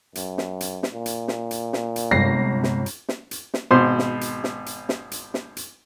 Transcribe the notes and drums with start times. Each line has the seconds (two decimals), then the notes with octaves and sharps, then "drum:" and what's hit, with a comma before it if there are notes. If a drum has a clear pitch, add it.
0.15 F#2, drum: hi-hat
0.38 drum: snare
0.61 drum: hi-hat
0.83 drum: snare
0.94 A#2
1.06 drum: hi-hat
1.28 drum: snare
1.51 drum: hi-hat
1.73 drum: snare
1.96 drum: hi-hat
2.11 G1 C3 G#3 A#6 C7
2.63 drum: snare
2.86 drum: hi-hat
3.09 drum: snare
3.31 drum: hi-hat
3.54 drum: snare
3.71 G#1 B2 C5 C6
3.99 drum: snare
4.21 drum: hi-hat
4.44 drum: snare
4.66 drum: hi-hat
4.89 drum: snare
5.11 drum: hi-hat
5.34 drum: snare
5.57 drum: hi-hat